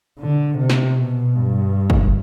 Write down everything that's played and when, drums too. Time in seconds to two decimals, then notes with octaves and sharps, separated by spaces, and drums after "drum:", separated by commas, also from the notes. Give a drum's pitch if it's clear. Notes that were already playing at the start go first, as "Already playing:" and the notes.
0.20 D3
0.58 C3
0.70 drum: snare
0.97 B2
1.35 G2
1.90 drum: kick